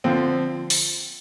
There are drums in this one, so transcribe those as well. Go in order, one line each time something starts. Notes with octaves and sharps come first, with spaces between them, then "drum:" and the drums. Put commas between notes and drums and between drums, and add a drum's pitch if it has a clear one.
D3 F3 C4
drum: open hi-hat